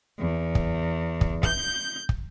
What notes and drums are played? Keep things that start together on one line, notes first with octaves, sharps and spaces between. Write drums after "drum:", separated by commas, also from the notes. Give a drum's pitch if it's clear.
E2
drum: kick
drum: kick
G6, drum: kick
drum: kick